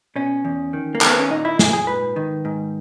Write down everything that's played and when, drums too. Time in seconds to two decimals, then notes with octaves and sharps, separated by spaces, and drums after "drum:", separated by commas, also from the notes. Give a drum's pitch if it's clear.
0.16 B2 C#4
0.45 E2
0.73 D#3
0.95 A#3
1.01 D#3, drum: clap
1.06 B3
1.18 C#4
1.30 A#2 D#4
1.45 E4
1.59 A#2 G#4, drum: snare
1.73 G#4
1.87 G#2 B4
2.16 D#3
2.45 G#2